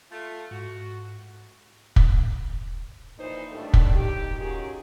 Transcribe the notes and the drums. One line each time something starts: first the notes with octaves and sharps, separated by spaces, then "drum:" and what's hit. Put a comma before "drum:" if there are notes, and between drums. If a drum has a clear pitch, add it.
A3 F4
G#2 F#4
drum: kick
A#2 E3 F3 D#4 C5
A2 D#3 G3 A3 D4
drum: kick
D#2 D#4 G4
D#3 F#3 C#4 F4 G#4